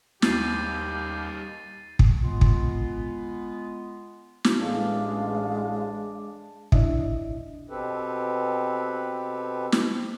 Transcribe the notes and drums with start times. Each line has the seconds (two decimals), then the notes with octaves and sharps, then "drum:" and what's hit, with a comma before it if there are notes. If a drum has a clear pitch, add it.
0.22 D#2 G3 D#4 G4 A6 C7 D#7, drum: snare
1.99 drum: kick
2.22 G#3 B3 F4
2.41 drum: kick
4.44 drum: snare
4.60 A1 G#3 D4 F5
6.72 D4 E4 D#5 E5, drum: kick
7.70 B2 C4 G4 A4 B4
9.72 drum: snare